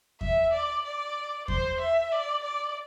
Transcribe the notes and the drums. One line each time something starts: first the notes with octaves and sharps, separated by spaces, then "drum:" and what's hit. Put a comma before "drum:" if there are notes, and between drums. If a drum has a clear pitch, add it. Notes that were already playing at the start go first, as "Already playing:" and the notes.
E5, drum: kick E2
D5
D5
C5, drum: kick E2
E5
D5
D5